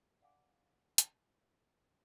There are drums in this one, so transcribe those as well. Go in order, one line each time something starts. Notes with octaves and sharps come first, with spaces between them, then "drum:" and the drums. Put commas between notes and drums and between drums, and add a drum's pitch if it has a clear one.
D5 F5 F#5 G#5 D6
drum: hi-hat